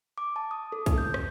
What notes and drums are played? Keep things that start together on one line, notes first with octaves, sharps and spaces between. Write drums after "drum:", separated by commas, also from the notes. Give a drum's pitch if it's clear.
D6
A5
D#6
A4
drum: kick, hi-hat
G6
drum: rim click